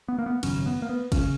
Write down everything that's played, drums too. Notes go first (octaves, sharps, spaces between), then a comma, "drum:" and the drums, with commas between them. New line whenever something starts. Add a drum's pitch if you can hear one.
B3
A#3
B3
G#1 F#2 C#3 C#4, drum: cymbal
B3
A#3
B3
C#3 C#4, drum: kick, cymbal